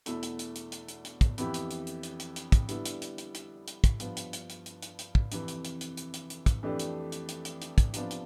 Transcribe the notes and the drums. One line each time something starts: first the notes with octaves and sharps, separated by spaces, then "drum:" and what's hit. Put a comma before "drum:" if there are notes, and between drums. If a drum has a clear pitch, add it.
E2 B2 A3 E4, drum: hi-hat
drum: hi-hat
drum: hi-hat
drum: hi-hat
drum: hi-hat
drum: hi-hat
drum: hi-hat
drum: kick, hi-hat
F2 E3 B3 E4 G4, drum: hi-hat
drum: hi-hat
drum: hi-hat
drum: hi-hat
drum: hi-hat
drum: hi-hat
drum: hi-hat
drum: kick, hi-hat
D3 G3 B3 E4, drum: hi-hat
drum: hi-hat
drum: hi-hat
drum: hi-hat
drum: hi-hat
drum: hi-hat
drum: kick, hi-hat
G2 F3 B3, drum: hi-hat
drum: hi-hat
drum: hi-hat
drum: hi-hat
drum: hi-hat
drum: hi-hat
drum: hi-hat
drum: kick
F2 C3 E3, drum: hi-hat
drum: hi-hat
drum: hi-hat
drum: hi-hat
drum: hi-hat
drum: hi-hat
drum: hi-hat
drum: kick, hi-hat
F2 E3 A3 D4 G4
drum: hi-hat
drum: hi-hat
drum: hi-hat
drum: hi-hat
drum: hi-hat
drum: kick, hi-hat
C3 F3 B3 D4, drum: hi-hat
drum: hi-hat